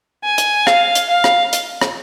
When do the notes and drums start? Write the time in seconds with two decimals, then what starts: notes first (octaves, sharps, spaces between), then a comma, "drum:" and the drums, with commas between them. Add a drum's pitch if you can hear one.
0.24 G#5
0.38 drum: hi-hat
0.67 F5, drum: rim click
0.95 drum: hi-hat
1.09 F5
1.24 drum: rim click
1.53 drum: hi-hat
1.82 drum: rim click